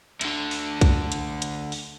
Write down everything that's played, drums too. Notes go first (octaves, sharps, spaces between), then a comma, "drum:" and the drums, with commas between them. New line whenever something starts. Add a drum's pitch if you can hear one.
D2 D3, drum: hi-hat
drum: open hi-hat
drum: kick B1, hi-hat
drum: hi-hat
drum: hi-hat
drum: open hi-hat